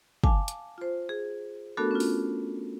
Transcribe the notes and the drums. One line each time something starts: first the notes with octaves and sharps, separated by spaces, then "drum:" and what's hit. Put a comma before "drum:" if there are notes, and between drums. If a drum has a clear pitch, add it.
F5 G#5 A5 D6, drum: kick
drum: hi-hat
F4 C5
G#4
A3 B3 D4 F#4 A4 A#4
C#4 F4
drum: open hi-hat